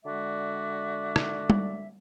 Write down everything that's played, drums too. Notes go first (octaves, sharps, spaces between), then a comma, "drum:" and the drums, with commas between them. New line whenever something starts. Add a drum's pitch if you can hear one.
D3 G#3 F#4 D5 E5
drum: rim click
drum: tom G3